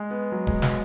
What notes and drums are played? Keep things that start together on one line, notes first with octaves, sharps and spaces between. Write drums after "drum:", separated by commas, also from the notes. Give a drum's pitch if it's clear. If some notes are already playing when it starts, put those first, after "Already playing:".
Already playing: G#3
B3
F#3
G#3, drum: kick D1
F#3, drum: snare